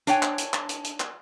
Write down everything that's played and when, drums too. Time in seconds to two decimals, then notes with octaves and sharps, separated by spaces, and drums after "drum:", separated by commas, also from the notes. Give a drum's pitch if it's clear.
0.07 D4 C#5 G5 G#5, drum: hi-hat
0.23 drum: clap
0.38 drum: hi-hat
0.54 drum: clap
0.69 drum: hi-hat
0.84 drum: hi-hat
1.00 drum: clap